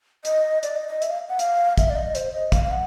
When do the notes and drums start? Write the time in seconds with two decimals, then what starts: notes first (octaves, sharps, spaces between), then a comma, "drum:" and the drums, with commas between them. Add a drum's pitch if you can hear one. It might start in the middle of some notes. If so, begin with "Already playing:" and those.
0.25 D#5, drum: hi-hat
0.63 D5, drum: hi-hat
0.76 D#5
0.89 D#5
1.02 E5, drum: hi-hat
1.10 F5
1.29 F#5
1.39 F5, drum: hi-hat
1.78 E5, drum: kick, hi-hat
1.90 D5
1.96 D#5
2.15 C5, drum: hi-hat
2.34 D#5
2.52 F5, drum: kick, hi-hat
2.64 F5
2.71 F#5